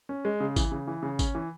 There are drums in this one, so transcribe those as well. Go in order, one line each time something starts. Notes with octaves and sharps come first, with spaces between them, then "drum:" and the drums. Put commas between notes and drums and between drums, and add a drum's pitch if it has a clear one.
C#4
G#3
C#3
E3, drum: kick G#1, tambourine
C#3
E3
C#3
C#4, drum: kick G#1, tambourine
E3